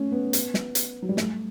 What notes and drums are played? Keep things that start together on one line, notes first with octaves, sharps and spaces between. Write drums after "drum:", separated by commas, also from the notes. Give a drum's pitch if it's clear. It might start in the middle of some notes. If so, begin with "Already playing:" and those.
Already playing: A3 C#4
B3
drum: hi-hat
drum: snare
drum: hi-hat
F#3
G3
A3, drum: snare